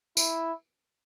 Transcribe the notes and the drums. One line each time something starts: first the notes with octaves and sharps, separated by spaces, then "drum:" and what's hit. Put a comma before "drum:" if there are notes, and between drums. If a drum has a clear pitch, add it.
E4, drum: tambourine